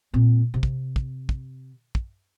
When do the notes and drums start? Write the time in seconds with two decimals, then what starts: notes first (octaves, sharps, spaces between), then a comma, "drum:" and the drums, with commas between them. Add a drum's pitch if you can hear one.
0.14 A#2 C4
0.54 C3
0.63 drum: kick
0.96 drum: kick
1.29 drum: kick
1.95 drum: kick